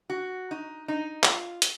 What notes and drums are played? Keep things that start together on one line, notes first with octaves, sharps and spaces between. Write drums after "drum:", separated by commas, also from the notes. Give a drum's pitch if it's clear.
F#4
D#4
D#4
F4, drum: clap
drum: hi-hat